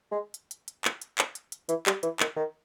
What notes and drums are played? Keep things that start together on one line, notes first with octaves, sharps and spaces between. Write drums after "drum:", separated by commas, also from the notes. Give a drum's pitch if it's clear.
G#3
drum: hi-hat
drum: hi-hat
drum: hi-hat
drum: clap
drum: hi-hat
drum: clap
drum: hi-hat
drum: hi-hat
E3, drum: hi-hat
G3, drum: clap
E3, drum: hi-hat
D#3, drum: clap
D#3